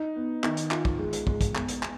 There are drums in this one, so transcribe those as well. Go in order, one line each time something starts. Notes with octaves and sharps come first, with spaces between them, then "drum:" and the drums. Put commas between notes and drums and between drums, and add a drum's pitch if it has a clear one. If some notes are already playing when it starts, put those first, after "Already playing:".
Already playing: D#4
B3
D#3, drum: clap
drum: hi-hat
F4, drum: clap
drum: kick
G#3
drum: hi-hat
G#3, drum: kick
drum: kick, hi-hat
B2, drum: clap
drum: hi-hat
B3, drum: clap